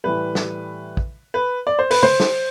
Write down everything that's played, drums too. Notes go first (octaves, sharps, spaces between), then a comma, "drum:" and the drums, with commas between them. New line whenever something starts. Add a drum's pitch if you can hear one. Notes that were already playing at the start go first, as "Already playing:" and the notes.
A2 E3 G3 B4
drum: snare
drum: kick
B4
D5
C5
B4, drum: open hi-hat
C5, drum: tom
drum: snare